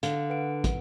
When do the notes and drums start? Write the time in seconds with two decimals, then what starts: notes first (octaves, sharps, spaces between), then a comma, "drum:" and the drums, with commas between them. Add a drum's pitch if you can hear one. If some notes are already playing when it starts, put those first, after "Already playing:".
0.03 D3 F5, drum: hi-hat
0.30 B4 F#5 D7
0.64 drum: kick, hi-hat